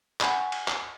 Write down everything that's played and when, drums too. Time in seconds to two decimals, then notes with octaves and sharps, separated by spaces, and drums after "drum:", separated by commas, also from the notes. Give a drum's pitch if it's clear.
0.21 F#5 G#5 B5 C#6, drum: clap
0.52 drum: cymbal
0.68 drum: clap